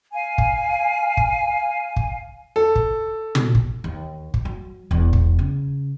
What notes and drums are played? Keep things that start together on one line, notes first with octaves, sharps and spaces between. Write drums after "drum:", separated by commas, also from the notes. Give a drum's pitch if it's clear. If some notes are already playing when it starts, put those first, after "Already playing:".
F5 G#5
drum: kick
drum: kick
drum: kick
A4
drum: kick
drum: tom
drum: kick
D#2
drum: kick
F#3
E1 E2
drum: kick
C#3